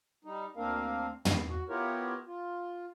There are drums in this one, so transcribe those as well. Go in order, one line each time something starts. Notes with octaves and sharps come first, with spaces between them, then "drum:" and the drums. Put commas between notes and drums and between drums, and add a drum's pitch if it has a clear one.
G3 D#4
D2 A#3 C4 D4 A#4 F5
G2 G3, drum: tom
F#4
B3 E4 F4 G4 A#4 C#5
F4